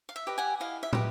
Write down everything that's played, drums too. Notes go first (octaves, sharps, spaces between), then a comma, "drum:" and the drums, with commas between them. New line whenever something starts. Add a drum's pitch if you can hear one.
F5
E5
G4 B4 D#5
F#5 G#5
E4 D#5 F5
E5
G4 B4 D#5, drum: tom